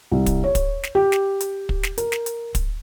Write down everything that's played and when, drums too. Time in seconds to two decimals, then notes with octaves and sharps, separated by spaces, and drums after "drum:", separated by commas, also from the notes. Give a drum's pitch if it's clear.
0.11 C2
0.26 drum: kick, hi-hat
0.44 C#5
0.55 drum: kick, hi-hat
0.83 drum: snare
0.95 G4
1.12 drum: snare
1.40 drum: hi-hat
1.69 drum: kick
1.83 drum: snare
1.98 A#4, drum: hi-hat
2.12 drum: snare
2.26 drum: hi-hat
2.55 drum: kick, hi-hat